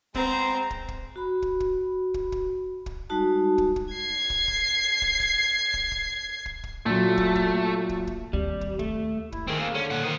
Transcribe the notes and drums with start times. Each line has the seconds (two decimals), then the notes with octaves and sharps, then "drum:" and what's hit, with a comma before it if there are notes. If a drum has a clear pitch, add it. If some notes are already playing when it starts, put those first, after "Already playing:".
0.15 G#3 B3 C4 C5 A#5, drum: kick
0.70 drum: kick
0.88 drum: kick
1.16 F#4 B5
1.42 drum: kick
1.60 drum: kick
2.14 drum: kick
2.32 drum: kick
2.86 drum: kick
3.10 G3 G#3 D#4 F#4 A5
3.58 drum: kick
3.76 drum: kick
3.93 G#6 C7
4.30 drum: kick
4.48 drum: kick
5.02 drum: kick
5.20 drum: kick
5.74 drum: kick
5.92 drum: kick
6.46 drum: kick
6.64 drum: kick
6.86 A#2 F#3 A3
7.17 drum: kick
7.35 drum: kick
7.89 drum: kick
8.07 drum: kick
8.33 D#2 G3 C4
8.61 drum: kick
8.79 A3, drum: kick
9.32 E4, drum: kick
9.47 D#3 C4 G#4
9.60 A#3
9.74 D3 C#4
9.90 A#2 F#5
10.04 D#3 C5 D#5